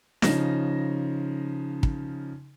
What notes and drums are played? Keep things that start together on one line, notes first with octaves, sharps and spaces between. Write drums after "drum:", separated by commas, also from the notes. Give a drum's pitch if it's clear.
C#3 F3 D#4 A#6 E7, drum: snare
drum: kick